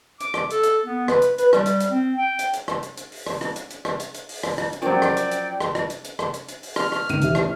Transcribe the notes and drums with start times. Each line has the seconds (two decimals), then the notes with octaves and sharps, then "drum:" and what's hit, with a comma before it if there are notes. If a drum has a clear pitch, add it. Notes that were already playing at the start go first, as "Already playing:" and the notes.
0.20 D6, drum: hi-hat
0.34 drum: rim click
0.50 A4, drum: hi-hat
0.63 drum: hi-hat
0.85 B3
1.08 B4, drum: rim click
1.22 drum: hi-hat
1.38 B4, drum: hi-hat
1.53 G3, drum: rim click
1.66 drum: hi-hat
1.80 drum: hi-hat
1.90 C4
2.17 G5
2.39 drum: hi-hat
2.53 drum: hi-hat
2.68 drum: rim click
2.83 drum: hi-hat
2.97 drum: hi-hat
3.12 drum: open hi-hat
3.26 drum: rim click
3.41 drum: rim click
3.56 drum: hi-hat
3.70 drum: hi-hat
3.85 drum: rim click
4.00 drum: hi-hat
4.14 drum: hi-hat
4.29 drum: open hi-hat
4.43 drum: rim click
4.58 drum: rim click
4.73 drum: hi-hat
4.82 F3 F#3 C#4 A#4 C5 D5 G5
5.02 drum: rim click
5.17 drum: hi-hat
5.31 drum: hi-hat
5.60 drum: rim click
5.75 drum: rim click
5.90 drum: hi-hat
6.04 drum: hi-hat
6.19 drum: rim click
6.34 drum: hi-hat
6.48 drum: hi-hat
6.63 drum: open hi-hat
6.76 F6, drum: rim click
6.92 drum: rim click
7.09 C#2 D#3 D#7, drum: hi-hat
7.21 E1 G4 E5, drum: hi-hat
7.35 A2, drum: rim click